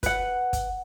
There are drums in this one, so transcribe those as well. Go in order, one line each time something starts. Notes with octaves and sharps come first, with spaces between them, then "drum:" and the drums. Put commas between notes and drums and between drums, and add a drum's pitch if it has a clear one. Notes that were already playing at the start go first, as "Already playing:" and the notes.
B4 F#5, drum: kick, hi-hat
drum: kick, hi-hat